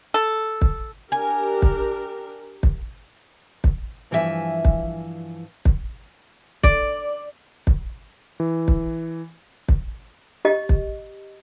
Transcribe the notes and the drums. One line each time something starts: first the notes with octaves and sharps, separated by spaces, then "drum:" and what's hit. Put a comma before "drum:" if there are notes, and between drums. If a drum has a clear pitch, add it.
A4
drum: kick
D4 G4 A#4 G#5
drum: kick
drum: kick
drum: kick
G2 E3 F3 F#4 E5 G#5
drum: kick
drum: kick
D5, drum: kick
drum: kick
E3
drum: kick
drum: kick
G4 D#5
drum: kick